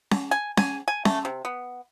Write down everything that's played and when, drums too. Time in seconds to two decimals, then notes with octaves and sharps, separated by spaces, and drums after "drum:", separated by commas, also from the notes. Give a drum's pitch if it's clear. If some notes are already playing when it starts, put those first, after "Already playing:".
0.11 drum: snare C#4
0.31 G#5
0.57 G#5, drum: snare C#4
0.88 G#5
1.05 A3, drum: snare C#4
1.25 C3
1.45 B3